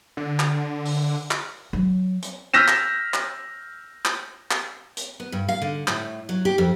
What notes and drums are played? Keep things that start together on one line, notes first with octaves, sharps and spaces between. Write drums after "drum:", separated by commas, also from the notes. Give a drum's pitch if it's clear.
D3
drum: clap
drum: open hi-hat
drum: clap
F#3
drum: hi-hat
E6 F6 G6 A#6 B6 E7
drum: clap
drum: clap
drum: clap
drum: clap
drum: hi-hat
B3
G2
F5
D3
A2, drum: clap
F#3
G4
F2